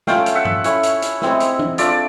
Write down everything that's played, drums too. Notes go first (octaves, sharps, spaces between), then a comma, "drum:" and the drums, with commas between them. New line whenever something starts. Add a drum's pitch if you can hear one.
A3 C#4 F4 F5 G5, drum: snare
drum: hi-hat
E5 F#5
drum: tom G2
A3 C#4 E4, drum: hi-hat
drum: hi-hat
drum: hi-hat
G#3 C4 E4, drum: snare
drum: hi-hat
drum: tom
A3 D4 F4 D5 E5, drum: hi-hat